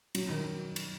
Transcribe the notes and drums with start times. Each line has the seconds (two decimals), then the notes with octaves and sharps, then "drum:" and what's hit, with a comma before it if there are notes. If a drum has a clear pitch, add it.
0.15 F#3, drum: cymbal
0.30 D#3
0.76 drum: cymbal